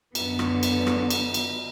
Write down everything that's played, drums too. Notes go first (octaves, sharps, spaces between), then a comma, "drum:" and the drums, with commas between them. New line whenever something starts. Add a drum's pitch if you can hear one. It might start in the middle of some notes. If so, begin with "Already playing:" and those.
F#2 D3 B3, drum: cymbal
drum: rim click
drum: cymbal
drum: rim click
drum: cymbal
drum: cymbal